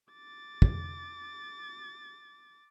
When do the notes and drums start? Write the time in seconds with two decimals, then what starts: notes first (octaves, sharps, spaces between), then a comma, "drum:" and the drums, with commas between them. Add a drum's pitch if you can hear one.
0.12 D6 A6
0.62 drum: kick